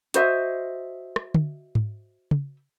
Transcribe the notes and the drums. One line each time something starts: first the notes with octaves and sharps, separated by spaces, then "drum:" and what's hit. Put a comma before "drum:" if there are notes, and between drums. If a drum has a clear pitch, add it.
F#4 C5 D#5 E5, drum: hi-hat
drum: rim click
drum: tom D3
drum: tom G#2
drum: tom